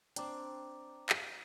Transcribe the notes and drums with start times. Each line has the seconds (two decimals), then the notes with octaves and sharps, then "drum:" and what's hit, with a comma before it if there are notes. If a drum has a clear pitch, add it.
0.16 C4 D4 G5 A#5 D6, drum: hi-hat
1.09 drum: clap